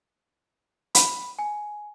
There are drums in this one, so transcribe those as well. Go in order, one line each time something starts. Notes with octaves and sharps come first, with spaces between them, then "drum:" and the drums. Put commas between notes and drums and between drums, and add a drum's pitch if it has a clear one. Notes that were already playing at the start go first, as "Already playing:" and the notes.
B5, drum: hi-hat
G#5